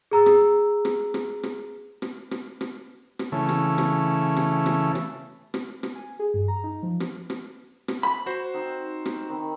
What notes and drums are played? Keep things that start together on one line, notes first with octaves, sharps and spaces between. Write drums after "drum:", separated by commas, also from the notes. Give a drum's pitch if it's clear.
G#4 A#5 E6
drum: rim click
drum: rim click
drum: rim click
drum: rim click
drum: rim click
drum: rim click
drum: rim click
drum: rim click
C#3 E3 A3
drum: rim click
drum: rim click
drum: rim click
drum: rim click
drum: rim click
drum: rim click
drum: rim click
G#5
G#4
G2
A#5
D#4
F3
drum: rim click
drum: rim click
drum: rim click
B5
F#4 C5
C4 D#4
drum: rim click
D#3 C4 B5